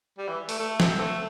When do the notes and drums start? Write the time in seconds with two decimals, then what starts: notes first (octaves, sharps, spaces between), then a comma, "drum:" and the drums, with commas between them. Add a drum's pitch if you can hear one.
0.18 G3
0.28 E3
0.49 A3, drum: open hi-hat
0.60 A3
0.80 C4, drum: snare
1.00 A3